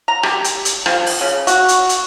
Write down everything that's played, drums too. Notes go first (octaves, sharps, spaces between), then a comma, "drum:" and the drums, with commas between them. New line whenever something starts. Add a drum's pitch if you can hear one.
A#5
G4, drum: rim click
drum: hi-hat
drum: hi-hat
F3, drum: rim click
drum: open hi-hat
C#3
F#4, drum: hi-hat
drum: hi-hat
drum: hi-hat